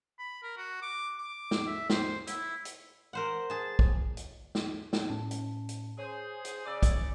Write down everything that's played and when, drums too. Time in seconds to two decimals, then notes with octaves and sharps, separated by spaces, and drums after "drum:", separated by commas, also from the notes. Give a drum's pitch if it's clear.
0.19 B5
0.43 A#4
0.57 F#4
0.82 D6
1.18 D6
1.51 drum: snare
1.67 E5
1.90 C5, drum: snare
2.27 E4, drum: hi-hat
2.65 drum: hi-hat
3.13 A#4 C5 F#5
3.50 G#4 A5
3.79 drum: kick
4.17 drum: hi-hat
4.55 drum: snare
4.93 drum: snare
5.10 A2 C#4 A5
5.31 drum: hi-hat
5.69 drum: hi-hat
5.98 G#4 C5 C#5
6.45 drum: hi-hat
6.65 C#3 D5 D6 E6
6.83 drum: kick, hi-hat